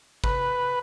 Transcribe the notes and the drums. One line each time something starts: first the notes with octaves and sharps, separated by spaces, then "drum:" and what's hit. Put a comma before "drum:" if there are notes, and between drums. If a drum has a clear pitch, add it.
B4, drum: kick G#1